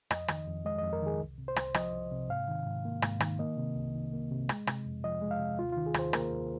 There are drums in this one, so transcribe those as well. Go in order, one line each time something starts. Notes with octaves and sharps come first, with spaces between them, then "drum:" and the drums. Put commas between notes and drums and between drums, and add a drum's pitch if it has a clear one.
F2 D#5, drum: rim click
D#3, drum: rim click
F2
G#3 D#5
F2 D#5
A#4
D#3 G#4
C2
C3
C5
C2, drum: rim click
F3 D#5, drum: rim click
C2
C3
G#2 F5
D#3
G#2
A#3
G#2, drum: rim click
D#3, drum: rim click
A#3 D#5
C3
C2
D#3
A#3
C3
G#3, drum: rim click
C3, drum: rim click
F2
F3 D#5
G#3
F5
C3
D#2 F4
D#3 F4
G#4
D#2 C5, drum: rim click
A#3 A#4, drum: rim click
D#2